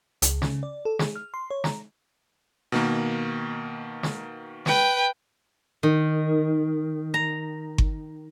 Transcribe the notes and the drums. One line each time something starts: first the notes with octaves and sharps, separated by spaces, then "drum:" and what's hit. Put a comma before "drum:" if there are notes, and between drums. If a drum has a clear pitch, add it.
C#2, drum: hi-hat
C#3, drum: snare
D5
A4
G#4, drum: snare
F6
C6
C#5
A#5, drum: snare
B2 D#3 A#3
drum: snare
B4 G5, drum: snare
D#3
A#5
drum: kick G1